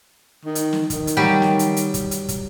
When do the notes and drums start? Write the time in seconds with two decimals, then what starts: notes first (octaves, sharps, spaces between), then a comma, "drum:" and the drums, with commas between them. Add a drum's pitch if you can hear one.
0.45 D#3
0.55 drum: hi-hat
0.73 drum: snare
0.90 D#3, drum: kick, hi-hat
1.07 drum: hi-hat
1.17 F#3 G3 G4
1.42 drum: snare
1.59 drum: hi-hat
1.77 drum: hi-hat
1.94 drum: kick, hi-hat
2.11 drum: hi-hat
2.29 drum: kick, hi-hat